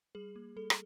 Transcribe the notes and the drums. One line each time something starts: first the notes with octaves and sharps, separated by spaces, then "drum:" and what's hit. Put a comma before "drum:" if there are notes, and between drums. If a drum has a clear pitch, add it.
G3 G#4
A#3
G3 A4
drum: rim click